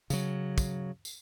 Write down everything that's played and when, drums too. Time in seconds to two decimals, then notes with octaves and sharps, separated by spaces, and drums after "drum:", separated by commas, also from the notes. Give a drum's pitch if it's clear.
0.10 C#3 F#3, drum: tambourine
0.58 drum: kick, tambourine
1.05 drum: tambourine